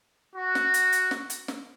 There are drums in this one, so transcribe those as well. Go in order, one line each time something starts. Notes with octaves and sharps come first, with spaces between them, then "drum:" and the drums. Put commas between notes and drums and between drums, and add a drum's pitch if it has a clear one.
F#4
drum: snare
drum: hi-hat
drum: hi-hat
drum: snare
drum: hi-hat
drum: snare